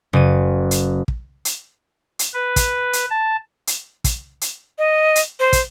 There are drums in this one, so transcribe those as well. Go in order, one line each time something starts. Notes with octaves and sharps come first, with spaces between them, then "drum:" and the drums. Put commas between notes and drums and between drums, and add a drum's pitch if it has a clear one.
F#1 D#7
drum: hi-hat
drum: kick
drum: hi-hat
drum: hi-hat
B4
drum: kick, hi-hat
drum: hi-hat
A5
drum: hi-hat
drum: kick, hi-hat
drum: hi-hat
D#5
drum: hi-hat
C5
drum: kick, hi-hat